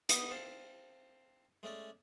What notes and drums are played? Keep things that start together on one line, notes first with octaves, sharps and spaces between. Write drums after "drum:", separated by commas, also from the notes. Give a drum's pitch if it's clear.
B3 D#5 G5 D#6, drum: hi-hat
C4 F5 A5
G#3 A3 C#4 D5